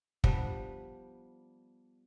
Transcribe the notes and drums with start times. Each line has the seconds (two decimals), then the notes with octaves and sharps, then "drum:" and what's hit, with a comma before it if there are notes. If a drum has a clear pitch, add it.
0.24 F3 G3 B3 D4, drum: kick